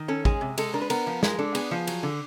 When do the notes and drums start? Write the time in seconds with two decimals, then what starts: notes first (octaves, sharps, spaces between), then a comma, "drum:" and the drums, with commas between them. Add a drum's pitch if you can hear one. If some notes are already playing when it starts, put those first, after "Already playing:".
Already playing: D#3
0.08 C#4 A4
0.25 G#3 G#4, drum: kick
0.41 C3
0.58 G#3 A4, drum: cymbal
0.74 D4 A#4
0.82 B4
0.90 B3 A#4, drum: cymbal
1.07 F3
1.23 G#3 A#4, drum: snare
1.38 D4 A4
1.55 B3 G#4, drum: cymbal
1.71 F3
1.87 F#3, drum: cymbal
2.03 D3